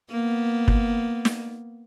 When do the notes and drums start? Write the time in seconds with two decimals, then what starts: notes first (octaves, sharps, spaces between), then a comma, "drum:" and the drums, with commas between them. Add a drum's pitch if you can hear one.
0.10 A#3 B3
0.68 drum: kick
1.25 drum: snare